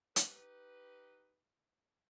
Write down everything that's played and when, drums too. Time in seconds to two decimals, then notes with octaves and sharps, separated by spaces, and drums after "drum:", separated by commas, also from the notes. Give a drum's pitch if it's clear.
0.16 D#4 G4 B4, drum: hi-hat